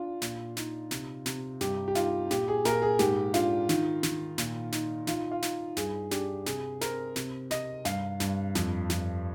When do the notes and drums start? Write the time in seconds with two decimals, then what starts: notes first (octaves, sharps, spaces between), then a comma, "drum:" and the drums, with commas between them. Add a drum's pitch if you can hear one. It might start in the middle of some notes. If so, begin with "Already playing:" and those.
Already playing: D4 F4
0.22 A#2, drum: snare
0.57 D#4, drum: snare
0.91 C3, drum: snare
1.26 C3, drum: snare
1.61 G2 G4, drum: snare
1.88 G4
1.95 D#4 F4, drum: snare
2.31 A#2 G4, drum: snare
2.48 G#4
2.65 A#2 A#4, drum: snare
2.82 G#4
2.99 G#2 G4, drum: snare
3.34 D4 F4, drum: snare
3.69 D#3, drum: snare
4.03 D#3, drum: snare
4.38 A#2, drum: snare
4.72 D#4, drum: snare
5.07 D#3 F4, drum: snare
5.31 F4
5.42 D#4, drum: snare
5.77 G2 G#4, drum: snare
6.11 D4 G4, drum: snare
6.46 C3 G#4, drum: snare
6.81 C4 A#4, drum: snare
7.16 C3, drum: snare
7.51 C3 D#5, drum: snare
7.85 G2 F5, drum: snare
8.20 G2, drum: snare
8.55 F2, drum: snare
8.90 F2, drum: snare